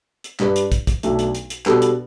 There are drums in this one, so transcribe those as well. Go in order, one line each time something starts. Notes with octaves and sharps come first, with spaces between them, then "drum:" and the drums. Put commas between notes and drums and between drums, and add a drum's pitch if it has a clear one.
drum: hi-hat
G2 G3 D4 B4, drum: clap
drum: hi-hat
drum: kick, hi-hat
drum: kick, hi-hat
B1 B2 A3 D4 A4, drum: hi-hat
drum: hi-hat
drum: hi-hat
drum: hi-hat
B2 G3 B3 D4 A4, drum: clap
drum: hi-hat